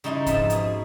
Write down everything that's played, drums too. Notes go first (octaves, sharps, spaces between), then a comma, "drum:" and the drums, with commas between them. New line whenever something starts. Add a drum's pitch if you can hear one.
C#3 G3 D#4 E4 D#5 C6
G#2 F3 C4 E5 A5, drum: kick, hi-hat
B2 G#4, drum: hi-hat